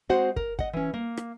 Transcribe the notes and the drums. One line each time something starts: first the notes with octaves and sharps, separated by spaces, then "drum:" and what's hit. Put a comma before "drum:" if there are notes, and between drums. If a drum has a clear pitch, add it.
G#3 C4 F#4 C5 F#5
A#4, drum: kick
D#5 F#5, drum: kick
E3 C#4
A#3
drum: rim click